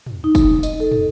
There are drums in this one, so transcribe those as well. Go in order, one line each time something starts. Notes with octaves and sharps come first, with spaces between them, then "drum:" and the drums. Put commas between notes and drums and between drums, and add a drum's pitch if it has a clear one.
drum: tom
D#4
drum: kick, tambourine
D#5, drum: tambourine
A4
drum: tom